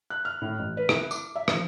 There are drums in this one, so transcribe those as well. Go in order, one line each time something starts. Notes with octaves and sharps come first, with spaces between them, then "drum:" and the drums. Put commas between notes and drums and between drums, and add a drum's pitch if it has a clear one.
F#6
F6
A2
A1
B4
E4, drum: rim click
D6, drum: tambourine
E5
F3, drum: rim click